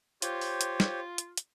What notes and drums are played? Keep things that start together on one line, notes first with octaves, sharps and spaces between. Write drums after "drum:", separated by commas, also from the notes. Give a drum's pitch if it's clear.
F4 G4 C5 C#5, drum: hi-hat
drum: open hi-hat
drum: hi-hat
drum: snare
drum: hi-hat
drum: hi-hat